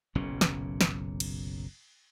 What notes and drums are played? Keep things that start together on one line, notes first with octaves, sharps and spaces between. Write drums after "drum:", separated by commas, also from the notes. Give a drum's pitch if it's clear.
F#1 B1 A#2 C#4
drum: snare
drum: snare
drum: cymbal